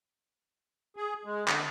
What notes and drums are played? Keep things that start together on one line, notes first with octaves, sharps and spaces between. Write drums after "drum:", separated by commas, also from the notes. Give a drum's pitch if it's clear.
G#4
G#3
D3, drum: clap